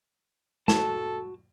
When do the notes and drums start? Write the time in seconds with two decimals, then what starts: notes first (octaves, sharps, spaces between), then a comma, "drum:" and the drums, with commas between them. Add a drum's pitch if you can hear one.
0.68 F#4 A4 A5, drum: snare